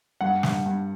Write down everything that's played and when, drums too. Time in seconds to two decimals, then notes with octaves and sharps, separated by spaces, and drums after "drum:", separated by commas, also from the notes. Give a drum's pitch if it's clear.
0.21 G2 F#5
0.43 G2, drum: snare
0.66 G2